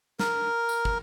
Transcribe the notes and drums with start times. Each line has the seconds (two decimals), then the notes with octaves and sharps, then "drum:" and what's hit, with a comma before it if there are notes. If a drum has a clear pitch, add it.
0.19 A#4, drum: snare
0.69 drum: tambourine
0.85 drum: kick